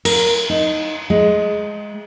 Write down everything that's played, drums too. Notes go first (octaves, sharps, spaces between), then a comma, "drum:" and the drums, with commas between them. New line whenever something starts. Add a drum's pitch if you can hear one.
A#4, drum: cymbal
D#4
G#3